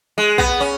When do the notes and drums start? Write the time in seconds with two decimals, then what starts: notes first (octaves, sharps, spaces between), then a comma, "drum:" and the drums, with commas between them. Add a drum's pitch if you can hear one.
0.18 G#3
0.38 B3, drum: kick B1
0.60 C#4